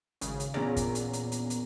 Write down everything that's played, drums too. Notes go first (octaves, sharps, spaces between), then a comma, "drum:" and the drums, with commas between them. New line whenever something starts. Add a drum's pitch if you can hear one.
G#1 C#3, drum: hi-hat
drum: hi-hat
E2 A#2 B3 C#4 D4 D5 A#5
drum: kick, hi-hat
drum: hi-hat
drum: hi-hat
drum: hi-hat
drum: hi-hat